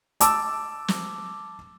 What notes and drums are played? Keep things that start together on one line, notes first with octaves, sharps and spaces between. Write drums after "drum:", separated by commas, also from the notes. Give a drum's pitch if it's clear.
A5 D6 E6, drum: hi-hat
drum: snare